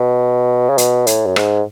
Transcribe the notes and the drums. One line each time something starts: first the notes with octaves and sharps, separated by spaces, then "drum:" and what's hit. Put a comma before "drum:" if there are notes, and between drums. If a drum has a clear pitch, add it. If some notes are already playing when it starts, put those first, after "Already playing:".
Already playing: B2
C#3
B2, drum: hi-hat
A2, drum: hi-hat
F#2
G#2, drum: rim click